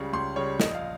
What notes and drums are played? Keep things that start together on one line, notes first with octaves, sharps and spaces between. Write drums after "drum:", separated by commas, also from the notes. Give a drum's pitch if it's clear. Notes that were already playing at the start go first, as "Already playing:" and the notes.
Already playing: C#2 C#3 G3
C#2 C6
C#3 G3 C#5
A#1 D#5, drum: snare
F5